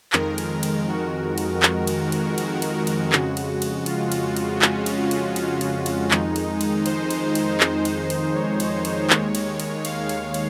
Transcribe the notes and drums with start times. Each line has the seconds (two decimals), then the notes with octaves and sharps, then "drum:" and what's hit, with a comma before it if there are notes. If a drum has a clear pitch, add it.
0.13 F2 D#3 G#3 A#4, drum: clap
0.38 drum: cymbal
0.63 drum: cymbal
0.88 F#4
1.38 drum: cymbal
1.63 drum: clap
1.87 drum: cymbal
2.12 drum: cymbal
2.38 F#4, drum: cymbal
2.62 drum: cymbal
2.87 drum: cymbal
3.12 F2 C#3 G#3, drum: clap
3.37 drum: cymbal
3.62 drum: cymbal
3.86 F4, drum: cymbal
4.12 drum: cymbal
4.37 drum: cymbal
4.62 C#4, drum: clap
4.86 drum: cymbal
5.11 drum: cymbal
5.36 drum: cymbal
5.61 drum: cymbal
5.86 drum: cymbal
6.11 F2 D#3 G#3 D#4, drum: clap
6.36 drum: cymbal
6.61 drum: cymbal
6.86 C5, drum: cymbal
7.10 drum: cymbal
7.35 drum: cymbal
7.60 drum: clap
7.85 drum: cymbal
8.10 drum: cymbal
8.35 C#5
8.60 drum: cymbal
8.85 drum: cymbal
9.10 D#2 D#3 G#3, drum: clap
9.35 drum: cymbal
9.60 drum: cymbal
9.85 F5, drum: cymbal
10.09 drum: cymbal
10.34 drum: cymbal